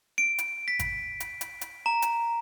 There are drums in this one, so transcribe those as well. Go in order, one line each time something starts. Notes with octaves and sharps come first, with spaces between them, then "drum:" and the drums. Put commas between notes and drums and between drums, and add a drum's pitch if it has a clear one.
D7
drum: hi-hat
B6
drum: kick, hi-hat
drum: hi-hat
drum: hi-hat
drum: hi-hat
A#5
drum: hi-hat